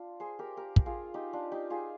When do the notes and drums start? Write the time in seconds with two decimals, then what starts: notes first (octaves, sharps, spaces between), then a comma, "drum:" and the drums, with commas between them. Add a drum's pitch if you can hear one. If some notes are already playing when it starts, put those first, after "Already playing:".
Already playing: D4 F4
0.20 G#4 C5
0.39 G4 A#4
0.57 G4 A#4
0.76 drum: kick
0.86 F4 G#4
1.14 D#4 G4
1.33 D4 F4
1.52 D#4 G4
1.70 F4 G#4